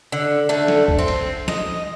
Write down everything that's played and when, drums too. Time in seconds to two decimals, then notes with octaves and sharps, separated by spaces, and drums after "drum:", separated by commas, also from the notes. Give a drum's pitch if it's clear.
0.12 D3
0.49 D3 A3
0.68 drum: snare
0.88 drum: kick B1
0.99 C4
1.08 drum: cymbal
1.48 D#5, drum: snare